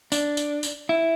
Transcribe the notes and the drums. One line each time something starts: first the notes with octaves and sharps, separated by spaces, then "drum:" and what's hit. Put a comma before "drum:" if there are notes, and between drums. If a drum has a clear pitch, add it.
D4, drum: tambourine
drum: tambourine
drum: tambourine
E4